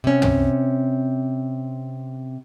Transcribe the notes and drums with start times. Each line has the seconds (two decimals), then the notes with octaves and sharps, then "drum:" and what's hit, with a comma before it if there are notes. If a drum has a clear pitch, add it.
0.04 C3 C#4
0.22 drum: tom